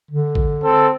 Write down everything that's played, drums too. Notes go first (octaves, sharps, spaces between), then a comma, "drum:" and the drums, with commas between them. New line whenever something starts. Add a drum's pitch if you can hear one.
D3
drum: kick
G#3 C4 A4